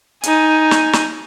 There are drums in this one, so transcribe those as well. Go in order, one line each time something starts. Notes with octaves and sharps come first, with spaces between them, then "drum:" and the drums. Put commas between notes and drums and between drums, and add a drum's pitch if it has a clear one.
D#4 G#5, drum: hi-hat
drum: snare
drum: snare